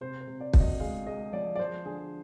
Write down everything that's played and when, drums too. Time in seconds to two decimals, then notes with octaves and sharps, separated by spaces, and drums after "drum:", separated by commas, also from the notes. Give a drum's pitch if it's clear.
0.01 C3 C5
0.21 C5
0.27 C3
0.41 D5
0.54 D2, drum: kick
0.60 D#5
0.80 G#3 F5
1.06 G#3 D#5
1.33 F3 D5
1.56 D5
1.59 F3 C5
1.85 D3 G#4